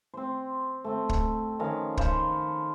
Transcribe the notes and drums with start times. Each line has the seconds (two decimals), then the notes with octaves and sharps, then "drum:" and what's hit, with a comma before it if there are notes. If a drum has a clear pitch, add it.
0.14 C4 C5
0.84 A3 C4
1.09 drum: kick
1.59 D#3 F3 C#4 F5
1.97 C5 F5 B5 C#6, drum: kick